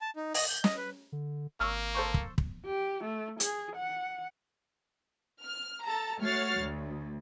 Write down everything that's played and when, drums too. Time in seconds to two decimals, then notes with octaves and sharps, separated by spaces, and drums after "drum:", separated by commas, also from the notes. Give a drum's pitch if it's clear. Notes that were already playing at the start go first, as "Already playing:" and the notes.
0.01 A5
0.16 D#4
0.34 D#5, drum: open hi-hat
0.49 G6
0.64 D#5, drum: snare
0.77 B4
1.12 D3
1.60 G#1 A#3 C#6 E6 F6
1.95 A4 C5 C#6
2.14 drum: kick
2.38 drum: kick
2.66 G4
3.04 A3
3.40 G#4, drum: hi-hat
3.76 F#5
5.44 F6
5.83 A4 A5 A#5
6.22 A3 F#4 C#5 F6 A6 C7
6.61 D2